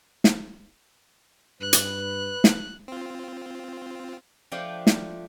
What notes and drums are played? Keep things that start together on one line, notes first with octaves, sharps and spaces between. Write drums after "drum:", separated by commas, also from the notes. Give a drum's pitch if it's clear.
drum: snare
G2 B4 F#6
drum: hi-hat
drum: snare
C4 F4
F3 A3 D4 G5
drum: snare